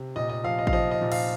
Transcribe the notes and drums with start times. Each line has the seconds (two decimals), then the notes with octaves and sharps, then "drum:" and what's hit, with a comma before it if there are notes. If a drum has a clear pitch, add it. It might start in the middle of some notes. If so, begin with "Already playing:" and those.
Already playing: C3
0.16 A#2 D#5
0.29 D#5
0.44 F3 F5
0.59 D#5
0.67 F5, drum: kick A1
0.73 F3 D#5
0.91 D#5
1.01 A#2
1.12 F5, drum: cymbal